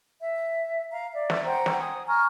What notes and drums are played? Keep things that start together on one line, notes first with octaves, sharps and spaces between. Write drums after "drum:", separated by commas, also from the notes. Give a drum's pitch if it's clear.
E5
F5 A#5
D5 E5
drum: snare
C5 F#5 G5 A#5
drum: snare
G#5 D#6
G#5 A#5 C#6 F6